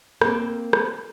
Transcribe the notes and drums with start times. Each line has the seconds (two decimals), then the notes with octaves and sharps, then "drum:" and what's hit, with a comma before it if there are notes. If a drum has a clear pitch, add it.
0.22 A#3 C4, drum: rim click
0.73 drum: rim click